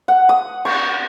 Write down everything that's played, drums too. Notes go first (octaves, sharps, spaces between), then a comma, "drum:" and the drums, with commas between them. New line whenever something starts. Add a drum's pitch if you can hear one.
F#5
D#6
C#6, drum: cymbal